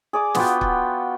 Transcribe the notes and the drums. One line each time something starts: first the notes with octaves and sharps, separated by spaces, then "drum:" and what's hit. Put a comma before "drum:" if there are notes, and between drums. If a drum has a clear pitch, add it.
G#4 D5 D6
B3 F4 F#4 G5, drum: snare
drum: kick